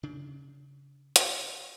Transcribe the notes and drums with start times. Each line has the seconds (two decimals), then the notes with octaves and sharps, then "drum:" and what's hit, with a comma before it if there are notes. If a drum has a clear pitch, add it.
0.03 C#3 D4
1.16 drum: hi-hat